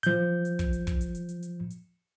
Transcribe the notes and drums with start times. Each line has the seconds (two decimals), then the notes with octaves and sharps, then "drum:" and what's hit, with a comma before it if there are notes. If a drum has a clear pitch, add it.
0.03 F3 G6, drum: hi-hat
0.45 drum: hi-hat
0.59 drum: kick, hi-hat
0.73 drum: hi-hat
0.87 drum: kick, hi-hat
1.01 drum: hi-hat
1.15 drum: hi-hat
1.29 drum: hi-hat
1.43 drum: hi-hat
1.71 drum: hi-hat